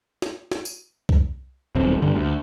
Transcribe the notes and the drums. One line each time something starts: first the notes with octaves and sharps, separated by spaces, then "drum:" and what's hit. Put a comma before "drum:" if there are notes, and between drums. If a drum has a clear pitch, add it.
drum: snare
drum: snare
drum: tambourine
drum: kick C2
D#1 B1 C4
G2 D3
D2